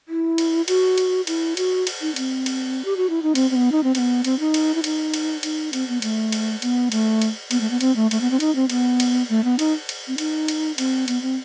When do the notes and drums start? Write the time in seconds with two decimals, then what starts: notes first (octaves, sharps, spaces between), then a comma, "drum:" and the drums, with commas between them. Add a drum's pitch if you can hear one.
0.08 E4
0.38 drum: cymbal
0.68 F#4, drum: cymbal
0.98 drum: cymbal
1.27 E4, drum: cymbal
1.57 F#4, drum: cymbal
1.87 drum: cymbal
2.01 D#4
2.16 C4, drum: cymbal
2.46 drum: cymbal
2.85 G4
2.97 F#4
3.10 E4
3.23 D#4
3.35 C4, drum: cymbal
3.51 C4
3.56 B3
3.72 D#4
3.84 C4
3.95 C4, drum: cymbal
3.99 B3
4.25 C4, drum: cymbal
4.40 D#4
4.54 drum: cymbal
4.75 E4
4.84 D#4, drum: cymbal
5.14 drum: cymbal
5.43 D#4, drum: cymbal
5.73 C4, drum: cymbal
5.88 B3
6.02 A3, drum: cymbal
6.32 drum: cymbal
6.62 B3, drum: cymbal
6.92 A3, drum: cymbal
7.22 drum: cymbal
7.51 B3, drum: cymbal
7.61 A3
7.71 B3
7.81 C4, drum: cymbal
7.96 A3
8.11 A3, drum: cymbal
8.21 B3
8.31 C4
8.40 D#4, drum: cymbal
8.56 C4
8.70 B3, drum: cymbal
9.00 drum: cymbal
9.29 A3
9.44 B3
9.59 D#4, drum: cymbal
9.89 drum: cymbal
10.07 C4
10.18 D#4, drum: cymbal
10.48 drum: cymbal
10.78 C4, drum: cymbal
11.08 B3, drum: cymbal
11.22 C4